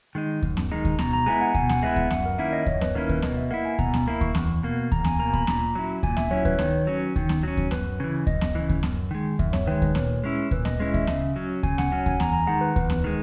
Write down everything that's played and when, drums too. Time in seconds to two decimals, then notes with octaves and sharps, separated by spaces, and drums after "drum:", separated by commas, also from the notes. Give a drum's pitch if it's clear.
0.15 D#3 G#3 D#4
0.42 F#2, drum: kick D2
0.57 drum: snare B3
0.71 D#3 G#3 D#4
0.85 drum: kick D2
0.99 B2 A#5, drum: snare B3
1.13 A#5
1.26 G#3 B3 E4 G#5
1.41 F#5
1.55 B2 G#5, drum: kick D2
1.69 F#5, drum: snare B3
1.83 G#3 B3 E4 E5
1.96 F#5, drum: kick D2
2.11 F#2 F#5, drum: snare B3
2.26 A#4
2.38 D#3 A#3 C#4 E4 E5
2.53 D#5
2.66 F#2 C#5, drum: kick D2
2.81 B4, drum: snare B3
2.95 D#3 A#3 C#4 E4 A#4
3.09 B4, drum: kick D2
3.22 B2 D#5, drum: snare B3
3.37 E5
3.51 A#3 E4 F#5
3.65 G#5
3.79 B2 A#5, drum: kick D2
3.94 B5, drum: snare B3
4.07 A#3 E4 B5
4.21 C#6, drum: kick D2
4.35 E2, drum: snare B3
4.63 B2 A#3
4.92 E2 A#5, drum: kick D2
5.04 G#5, drum: snare B3
5.19 B2 A#3 A#5
5.33 B5, drum: kick D2
5.47 A#2 A#5, drum: snare B3
5.75 F#3 C#4 E4
6.03 A#2 G#5, drum: kick D2
6.17 E5, drum: snare B3
6.31 F#3 C#4 E4 C#5
6.45 B4, drum: kick D2
6.59 D#3 C#5, drum: snare B3
6.87 F#3 C#4
7.16 D#3, drum: kick D2
7.29 drum: snare B3
7.43 F#3 C#4
7.57 drum: kick D2
7.71 F#2 B4, drum: snare B3
8.00 C#3 E3
8.27 F#2 D#5, drum: kick D2
8.41 drum: snare B3
8.55 C#3 E3
8.69 drum: kick D2
8.83 F#2, drum: snare B3
9.11 D#3 G#3
9.39 F#2 E5, drum: kick D2
9.53 C#5, drum: snare B3
9.67 D#3 G#3 B4
9.82 B4, drum: kick D2
9.95 A#2 C#5, drum: snare B3
10.24 G#3 C#4 E4
10.51 A#2 B4, drum: kick D2
10.65 D#5, drum: snare B3
10.80 G#3 C#4 E4 D#5
10.94 E5, drum: kick D2
11.07 C#3, drum: snare B3
11.36 F#3 C#4
11.63 C#3 G#5, drum: kick D2
11.78 F#5, drum: snare B3
11.92 F#3 C#4 F#5
12.06 G#5, drum: kick D2
12.20 E2 A#5, drum: snare B3
12.33 A#5
12.47 D#3 G#3 F#5
12.61 B4
12.76 E2 B4, drum: kick D2
12.90 drum: snare B3
13.04 D#3 G#3